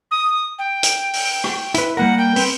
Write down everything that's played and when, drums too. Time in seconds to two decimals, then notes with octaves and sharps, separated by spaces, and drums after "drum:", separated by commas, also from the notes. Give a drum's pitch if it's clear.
0.11 D#6
0.59 G5
0.83 drum: hi-hat
1.13 drum: open hi-hat
1.44 drum: rim click
1.74 E4 B4, drum: hi-hat
1.97 G3 A#3 A#4 F#5
2.18 G5
2.36 C4 B4, drum: open hi-hat